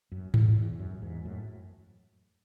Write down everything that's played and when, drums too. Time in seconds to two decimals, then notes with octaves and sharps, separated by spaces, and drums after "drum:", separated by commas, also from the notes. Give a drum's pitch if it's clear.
0.12 F#2
0.34 E2, drum: tom G#2
0.56 E2
0.79 F#2
1.02 E2 G#2
1.25 F#2 A2